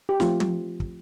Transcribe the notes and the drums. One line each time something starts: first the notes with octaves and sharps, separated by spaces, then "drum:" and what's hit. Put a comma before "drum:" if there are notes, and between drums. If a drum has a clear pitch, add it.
G4
F3 A3 C4 F4, drum: snare
drum: tom
drum: kick